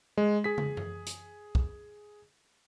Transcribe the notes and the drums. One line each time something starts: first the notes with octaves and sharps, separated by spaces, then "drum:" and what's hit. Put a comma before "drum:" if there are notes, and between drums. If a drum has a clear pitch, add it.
G#3
G#4 B6
drum: tom
drum: tom F#2
drum: hi-hat
drum: kick